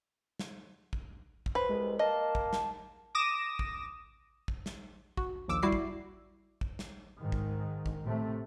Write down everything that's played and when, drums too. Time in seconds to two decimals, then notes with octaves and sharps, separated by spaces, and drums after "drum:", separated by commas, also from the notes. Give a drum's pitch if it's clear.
0.39 drum: snare
0.93 drum: kick
1.46 drum: kick
1.55 B4 C5
1.69 C2 G#3
1.99 A#3 D#5 A5
2.35 drum: kick
2.53 drum: snare
3.15 D6 D#6 A#6 E7
3.59 drum: kick
4.48 drum: kick
4.66 drum: snare
5.17 F#4, drum: kick
5.48 A#1 D#2 D6 E6
5.63 G3 E4 F#4 E5 D6 C7
5.72 drum: kick
6.61 drum: kick
6.79 drum: snare
7.21 G#2 D#3
7.32 drum: kick
7.86 drum: kick
8.04 A2 C3 A3